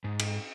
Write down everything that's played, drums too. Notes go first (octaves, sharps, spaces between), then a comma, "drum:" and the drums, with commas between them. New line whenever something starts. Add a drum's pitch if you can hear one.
G#2
drum: cymbal